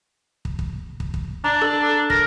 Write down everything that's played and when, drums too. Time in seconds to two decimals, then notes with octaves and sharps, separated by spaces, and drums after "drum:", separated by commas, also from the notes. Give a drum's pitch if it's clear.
0.45 drum: kick
0.59 drum: kick
1.00 drum: kick
1.14 drum: kick
1.44 D4 A#5
1.62 A4
2.10 A#4 A#6, drum: kick